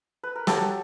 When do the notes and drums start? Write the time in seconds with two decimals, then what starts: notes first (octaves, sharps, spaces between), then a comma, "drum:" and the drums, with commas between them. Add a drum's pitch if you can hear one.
0.23 B4
0.36 A#4
0.47 F#3 G4 A4, drum: snare